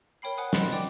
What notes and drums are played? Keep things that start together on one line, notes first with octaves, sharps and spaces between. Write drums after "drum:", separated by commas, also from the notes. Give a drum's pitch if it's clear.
A#4 C#5 G5 B5 C7
C5 C#5 F#5 G#5 D#6 F#6
C5 D#5 B5 C6 F#6 A6, drum: snare
D5 G5 D6